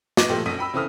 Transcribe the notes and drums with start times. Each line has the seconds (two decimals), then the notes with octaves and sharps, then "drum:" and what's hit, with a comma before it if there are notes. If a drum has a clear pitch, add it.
0.17 B4 D#5 D6 A#6 D#7, drum: snare
0.30 A#2 F3 A3 G4 A4
0.45 B1 F#2 A4 D#6 B6 D#7
0.59 G5 B5 E6
0.74 C#3 E3 C4 A4 D#6 F6